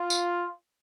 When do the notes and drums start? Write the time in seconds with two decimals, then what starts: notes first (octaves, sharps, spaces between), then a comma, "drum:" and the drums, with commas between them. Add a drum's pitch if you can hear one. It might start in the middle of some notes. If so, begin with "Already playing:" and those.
Already playing: F4
0.10 drum: tambourine